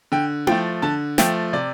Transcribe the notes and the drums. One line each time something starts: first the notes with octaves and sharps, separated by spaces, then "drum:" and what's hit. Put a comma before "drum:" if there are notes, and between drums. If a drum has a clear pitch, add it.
D3 G5
F3 A3 G5, drum: tom E4
D3 A5
F3 A3 G5, drum: snare
C3 D5